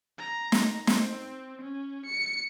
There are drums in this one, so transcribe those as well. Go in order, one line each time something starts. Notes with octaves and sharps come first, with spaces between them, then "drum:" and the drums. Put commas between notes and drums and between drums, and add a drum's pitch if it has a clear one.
A#5
drum: snare
C4, drum: snare
C#4
C#7